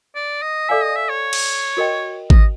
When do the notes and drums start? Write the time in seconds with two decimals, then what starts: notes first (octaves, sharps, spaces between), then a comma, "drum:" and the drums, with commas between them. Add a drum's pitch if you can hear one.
0.15 D5
0.42 D#5
0.69 A4 D5 E5 F5 G#5
0.83 D#5
0.96 E5
1.09 C#5
1.33 drum: cymbal
1.77 F#4 A#4 D#5 G5
2.30 D#5, drum: kick G#1